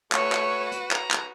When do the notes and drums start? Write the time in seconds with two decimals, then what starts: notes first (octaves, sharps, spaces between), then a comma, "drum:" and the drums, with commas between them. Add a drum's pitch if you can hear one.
0.12 A3 F#4 B4 C#5, drum: clap
0.32 drum: clap
0.72 drum: hi-hat
0.91 A#5, drum: clap
1.11 drum: clap